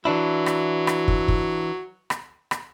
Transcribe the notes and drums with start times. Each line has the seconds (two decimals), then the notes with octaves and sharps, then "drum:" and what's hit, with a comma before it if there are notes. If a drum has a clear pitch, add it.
0.05 E3 F#3 D4 E4
0.46 drum: rim click
0.87 drum: rim click
1.08 drum: kick
1.28 drum: kick
2.10 drum: rim click
2.51 drum: rim click